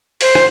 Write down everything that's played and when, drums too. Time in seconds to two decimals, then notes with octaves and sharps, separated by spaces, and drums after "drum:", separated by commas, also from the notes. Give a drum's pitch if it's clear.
0.21 C5, drum: open hi-hat
0.35 drum: rim click